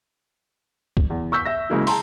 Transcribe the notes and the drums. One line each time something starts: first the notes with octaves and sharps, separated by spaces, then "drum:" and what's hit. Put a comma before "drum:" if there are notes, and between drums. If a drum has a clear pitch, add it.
drum: kick
E2
C#6 E6 G6 B6
E5 A#6
C#3 F#3 G#3 A#3 E4 F#4
G#4 A5 A#5 C6, drum: open hi-hat